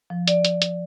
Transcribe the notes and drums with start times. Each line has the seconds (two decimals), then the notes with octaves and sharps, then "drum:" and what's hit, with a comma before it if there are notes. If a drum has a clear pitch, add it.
0.10 F3
0.28 D5, drum: hi-hat
0.45 drum: hi-hat
0.62 drum: hi-hat